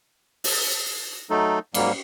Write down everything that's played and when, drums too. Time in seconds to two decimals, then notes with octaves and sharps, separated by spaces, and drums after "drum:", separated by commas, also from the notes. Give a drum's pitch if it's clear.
0.44 drum: open hi-hat
1.30 F#3 A3 D#4 A4
1.74 G#2 F#3 G3 A#3, drum: cymbal